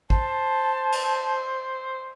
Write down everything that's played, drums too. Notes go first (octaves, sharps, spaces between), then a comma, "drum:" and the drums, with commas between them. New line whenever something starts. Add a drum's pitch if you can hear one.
C5 A5, drum: kick
drum: cymbal